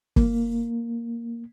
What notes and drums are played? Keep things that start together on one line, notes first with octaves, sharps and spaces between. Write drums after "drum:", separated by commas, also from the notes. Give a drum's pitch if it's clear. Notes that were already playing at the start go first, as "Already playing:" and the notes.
A#3, drum: kick F#1